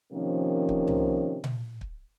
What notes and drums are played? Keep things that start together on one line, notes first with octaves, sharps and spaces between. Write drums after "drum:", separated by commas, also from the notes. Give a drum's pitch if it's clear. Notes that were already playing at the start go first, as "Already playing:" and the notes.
C3 D#3 F3 A#3 C#4
drum: kick
drum: tom C2
drum: tom A#2
drum: kick